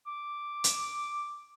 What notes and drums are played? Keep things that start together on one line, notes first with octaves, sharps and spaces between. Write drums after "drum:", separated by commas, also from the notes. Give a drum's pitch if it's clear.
D6
drum: hi-hat